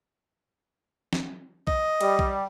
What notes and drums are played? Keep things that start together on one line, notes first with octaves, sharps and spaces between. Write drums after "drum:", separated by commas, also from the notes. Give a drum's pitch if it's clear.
drum: snare
D#5, drum: kick B1
G3, drum: cymbal
drum: kick B1